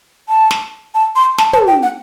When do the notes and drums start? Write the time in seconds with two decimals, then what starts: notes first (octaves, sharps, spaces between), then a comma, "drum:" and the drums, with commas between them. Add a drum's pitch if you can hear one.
0.29 A5
0.51 drum: snare
0.95 A5
1.16 C6
1.38 A5, drum: snare
1.53 A5, drum: tom
1.67 G5
1.83 F#5